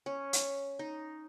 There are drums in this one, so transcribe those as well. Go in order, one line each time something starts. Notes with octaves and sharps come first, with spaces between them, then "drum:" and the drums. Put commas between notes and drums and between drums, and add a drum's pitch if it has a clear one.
C#4
drum: hi-hat
D#4